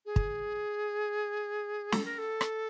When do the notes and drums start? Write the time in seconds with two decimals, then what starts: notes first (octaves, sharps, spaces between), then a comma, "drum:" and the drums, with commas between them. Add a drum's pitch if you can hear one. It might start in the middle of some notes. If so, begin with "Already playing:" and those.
0.05 G#4
0.16 drum: kick
1.92 A4, drum: snare
2.05 A#4
2.18 A4
2.41 drum: rim click